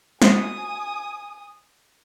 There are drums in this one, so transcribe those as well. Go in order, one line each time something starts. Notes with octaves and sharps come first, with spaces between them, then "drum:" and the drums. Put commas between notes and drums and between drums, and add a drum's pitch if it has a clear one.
F#4 C5 G#5 D#6, drum: snare